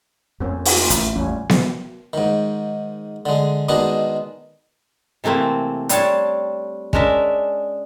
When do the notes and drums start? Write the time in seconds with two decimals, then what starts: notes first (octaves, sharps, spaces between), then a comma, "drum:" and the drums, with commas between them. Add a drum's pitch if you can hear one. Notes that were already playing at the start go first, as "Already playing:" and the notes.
0.40 F2 A#3 C4 C#4
0.65 drum: open hi-hat
0.77 A#3 D#4 F4
0.90 A1, drum: hi-hat
1.16 A1 E2 G3 C#4
1.49 drum: snare B3
2.13 G#2 D#3
3.26 D3 G#3
3.69 B2 D#3 G#3 D4 D#5
5.24 C3 E3 A3 A#3 C4
5.89 G3 C4 D4 C#5 A5, drum: hi-hat
6.93 G#3 C#4 D4 A#4 E5, drum: kick